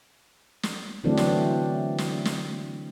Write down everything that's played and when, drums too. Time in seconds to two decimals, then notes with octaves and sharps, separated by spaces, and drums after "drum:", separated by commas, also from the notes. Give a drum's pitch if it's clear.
0.63 drum: snare
1.04 D3 E3 F#3 A3 C4 D4
1.17 drum: snare
1.98 drum: snare
2.25 drum: snare